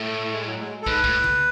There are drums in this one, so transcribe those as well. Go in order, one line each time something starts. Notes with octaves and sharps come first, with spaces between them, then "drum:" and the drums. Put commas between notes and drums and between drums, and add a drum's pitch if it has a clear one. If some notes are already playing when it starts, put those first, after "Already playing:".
Already playing: A2 A3
G#3
F#3
G#3
A4
G#2 B4, drum: kick
A2, drum: kick
drum: tom C#3